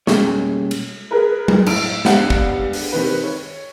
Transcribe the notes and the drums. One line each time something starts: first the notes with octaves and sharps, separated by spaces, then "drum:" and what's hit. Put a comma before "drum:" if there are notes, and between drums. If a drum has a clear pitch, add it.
B2 G3 A#3 C#4 G#4 C#5, drum: snare
drum: cymbal
G#4 A#4 B4
drum: tom F#3
A2 E6 D7, drum: cymbal
G3 B3 D4 F5 F#5, drum: snare
drum: kick
drum: open hi-hat
C3 D#3 B4
C#5